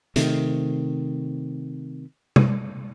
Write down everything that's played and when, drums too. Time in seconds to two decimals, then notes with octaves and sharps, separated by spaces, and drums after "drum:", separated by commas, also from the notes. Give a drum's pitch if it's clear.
0.16 C3 D#3 A3, drum: hi-hat
2.36 drum: tom C3